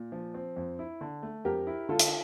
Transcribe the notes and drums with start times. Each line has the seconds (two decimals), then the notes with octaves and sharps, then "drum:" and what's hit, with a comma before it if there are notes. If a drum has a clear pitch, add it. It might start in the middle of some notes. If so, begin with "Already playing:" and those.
Already playing: A#2
0.12 F3
0.34 C4
0.57 F2
0.79 E4
1.01 D3
1.23 A3
1.45 F2 G4 A#4
1.67 E4
1.89 D3 F4 A4
1.99 drum: hi-hat